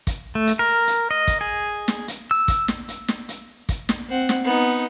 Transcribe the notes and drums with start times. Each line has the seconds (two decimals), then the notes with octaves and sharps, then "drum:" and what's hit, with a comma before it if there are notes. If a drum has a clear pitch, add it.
0.07 drum: kick, hi-hat
0.35 A3
0.47 drum: hi-hat
0.59 A#4
0.87 drum: hi-hat
1.11 D#5
1.28 drum: kick, hi-hat
1.41 G#4
1.88 drum: snare
2.08 drum: hi-hat
2.31 E6
2.48 drum: kick, hi-hat
2.68 drum: snare
2.88 drum: hi-hat
3.08 drum: snare
3.29 drum: hi-hat
3.69 drum: kick, hi-hat
3.89 drum: snare
4.09 C4 F#5
4.29 drum: snare
4.44 B3 D#4